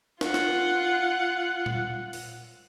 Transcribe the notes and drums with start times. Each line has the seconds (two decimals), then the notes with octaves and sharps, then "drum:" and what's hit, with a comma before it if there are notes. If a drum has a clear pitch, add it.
0.21 F4 F#5, drum: snare
0.34 drum: snare
1.66 drum: tom A#2
2.13 drum: open hi-hat